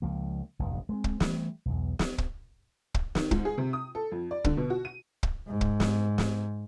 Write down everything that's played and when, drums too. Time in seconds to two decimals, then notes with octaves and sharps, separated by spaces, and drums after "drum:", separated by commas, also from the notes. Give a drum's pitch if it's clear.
0.02 C#2 F3 A#3
0.59 F1 A#1 E2 G2
0.89 G#3 C4
1.04 drum: kick
1.20 E3 G3 A3, drum: snare
1.65 B1 E2
1.99 drum: snare
2.18 drum: kick
2.94 drum: kick
3.15 D#3, drum: snare
3.31 G#2, drum: kick
3.45 G#4
3.58 C3
3.73 D#6
3.95 A4
4.12 F2
4.31 D5
4.44 D3, drum: kick
4.57 B2
4.70 F#4
4.85 D#7
5.23 drum: kick
5.47 G#2
5.61 drum: kick
5.80 drum: snare
6.18 drum: snare